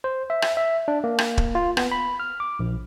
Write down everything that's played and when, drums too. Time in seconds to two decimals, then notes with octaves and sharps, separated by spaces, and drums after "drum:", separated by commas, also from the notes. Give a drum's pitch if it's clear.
0.04 C5
0.30 E5
0.42 drum: rim click
0.57 E5
0.88 D4
1.04 A#3
1.18 drum: rim click
1.38 drum: kick
1.55 F4
1.77 B3, drum: rim click
1.92 B5
2.20 F6
2.40 D6
2.59 A#1